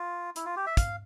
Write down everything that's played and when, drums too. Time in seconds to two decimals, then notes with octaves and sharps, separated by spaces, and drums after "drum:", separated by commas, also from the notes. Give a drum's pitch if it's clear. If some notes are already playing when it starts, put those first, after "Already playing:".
Already playing: F4
0.36 E4, drum: hi-hat
0.46 F4
0.56 G4
0.67 E5
0.77 F5, drum: kick, hi-hat